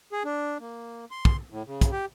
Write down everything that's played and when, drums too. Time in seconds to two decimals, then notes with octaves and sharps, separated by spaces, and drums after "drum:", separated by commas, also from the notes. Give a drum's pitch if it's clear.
0.13 G#4
0.25 D4
0.60 A#3
1.11 C6
1.25 drum: kick
1.50 A2
1.66 C#3
1.81 drum: kick, hi-hat
1.91 G4